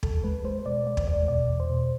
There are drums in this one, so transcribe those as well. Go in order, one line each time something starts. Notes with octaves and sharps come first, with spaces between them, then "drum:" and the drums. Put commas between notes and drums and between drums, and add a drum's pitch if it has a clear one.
E2 A4, drum: kick
G#3 B4
G#3 C5
C5
B2 D5
G#3 D5
drum: kick
E2 D5
B2 D5
E2
C5
B2